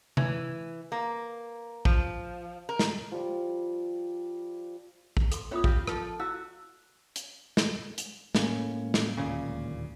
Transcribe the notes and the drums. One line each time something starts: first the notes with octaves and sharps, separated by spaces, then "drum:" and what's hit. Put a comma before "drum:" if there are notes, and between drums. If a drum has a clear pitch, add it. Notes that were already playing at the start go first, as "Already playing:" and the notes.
E3, drum: tom C3
A#3
F3, drum: kick A1
A#4
drum: snare
F3 G3
drum: kick A1
A4 C6, drum: hi-hat
B3 C#4 E4 F4 C#5 D#6
F4 G4 E5, drum: kick A1
F3 A4, drum: rim click
E4 F#4 F5 E6
drum: hi-hat
drum: snare
drum: hi-hat
A2 G#3 A#3 C#4, drum: snare
drum: snare
D1 D#2 A#2 C#3